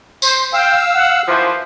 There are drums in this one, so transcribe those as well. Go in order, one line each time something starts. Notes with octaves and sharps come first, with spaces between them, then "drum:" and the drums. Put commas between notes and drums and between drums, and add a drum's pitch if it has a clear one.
C5, drum: tambourine
F5 G5 E6
F#5
F#2 E3 F3 C5